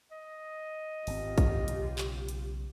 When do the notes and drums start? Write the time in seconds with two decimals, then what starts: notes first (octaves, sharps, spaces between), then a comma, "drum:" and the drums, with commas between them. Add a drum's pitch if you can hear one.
0.11 D#5
1.07 G#1 C4 F4 G4, drum: open hi-hat
1.38 drum: kick, hi-hat
1.68 B1 C#3, drum: hi-hat
1.98 drum: clap
2.29 drum: hi-hat